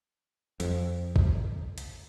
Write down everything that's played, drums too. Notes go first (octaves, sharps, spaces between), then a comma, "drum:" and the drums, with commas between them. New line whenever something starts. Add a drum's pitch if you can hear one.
F2, drum: hi-hat
drum: kick
drum: hi-hat